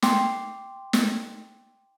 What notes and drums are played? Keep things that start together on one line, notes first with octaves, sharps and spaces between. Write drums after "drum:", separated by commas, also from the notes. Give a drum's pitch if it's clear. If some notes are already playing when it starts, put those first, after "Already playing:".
G5 C6 D6, drum: snare
drum: snare